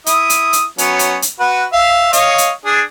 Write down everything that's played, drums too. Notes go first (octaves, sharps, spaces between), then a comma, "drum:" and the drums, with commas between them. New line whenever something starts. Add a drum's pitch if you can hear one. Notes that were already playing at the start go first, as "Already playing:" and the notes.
E4 D#6, drum: hi-hat
drum: hi-hat
drum: hi-hat
F#3 B3 C#4, drum: hi-hat
drum: hi-hat
drum: hi-hat
F#4 B4
E5 F5
C#5 D#5 F5, drum: hi-hat
drum: hi-hat
D4 G#4